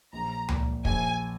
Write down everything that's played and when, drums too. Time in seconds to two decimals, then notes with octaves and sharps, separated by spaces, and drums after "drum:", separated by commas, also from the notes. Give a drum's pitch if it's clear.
0.13 A#1 A#5
0.49 A#2, drum: tom C#2
0.85 A#1 G#5, drum: kick